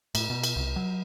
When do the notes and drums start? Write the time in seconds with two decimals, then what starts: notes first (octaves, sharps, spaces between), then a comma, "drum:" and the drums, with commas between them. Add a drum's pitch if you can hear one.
0.15 A2, drum: cymbal
0.30 B2
0.44 drum: cymbal
0.56 C2
0.76 F#3